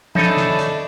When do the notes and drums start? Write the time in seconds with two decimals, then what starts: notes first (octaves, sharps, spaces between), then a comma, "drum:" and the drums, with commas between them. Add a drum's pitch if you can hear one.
0.15 D4 D#4 A4 C#5 E5 G#5 A5 B5, drum: tom
0.37 drum: snare
0.59 drum: hi-hat